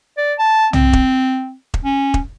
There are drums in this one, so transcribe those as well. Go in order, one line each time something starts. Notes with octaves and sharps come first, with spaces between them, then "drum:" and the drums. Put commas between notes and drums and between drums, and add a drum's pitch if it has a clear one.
D5
A5
C4, drum: tom
drum: kick E1
drum: kick E1
C#4
drum: kick E1